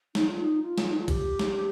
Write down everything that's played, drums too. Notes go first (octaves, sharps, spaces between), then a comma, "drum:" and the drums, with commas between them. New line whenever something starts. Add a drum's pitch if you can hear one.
D#4, drum: snare
F4
D#4
F4
drum: snare
D#4
F4
G4, drum: kick A#1, cymbal
drum: snare